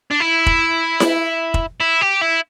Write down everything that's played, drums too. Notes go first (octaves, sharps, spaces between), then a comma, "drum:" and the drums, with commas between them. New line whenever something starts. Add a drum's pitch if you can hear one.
D4
E4
drum: kick
drum: snare E4
drum: kick
E4
G4
E4